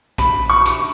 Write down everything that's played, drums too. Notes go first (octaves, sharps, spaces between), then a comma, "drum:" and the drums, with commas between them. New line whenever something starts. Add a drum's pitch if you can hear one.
B5, drum: kick A#1, hi-hat
C#6
drum: hi-hat